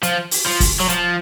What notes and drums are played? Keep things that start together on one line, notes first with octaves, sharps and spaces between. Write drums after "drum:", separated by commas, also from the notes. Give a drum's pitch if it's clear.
F3, drum: hi-hat
drum: open hi-hat
F3
drum: kick, open hi-hat
F#3
F3, drum: hi-hat